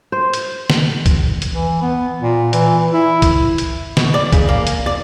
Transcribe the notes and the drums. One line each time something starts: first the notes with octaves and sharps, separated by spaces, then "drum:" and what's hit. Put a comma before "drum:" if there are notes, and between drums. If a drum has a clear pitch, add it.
C5
drum: hi-hat
drum: snare
drum: kick, hi-hat
drum: hi-hat
E3
B3
A#2
E3, drum: hi-hat
E4
drum: kick, hi-hat
drum: hi-hat
B2, drum: snare
D5
C#3, drum: kick, hi-hat
A#3
drum: hi-hat
D5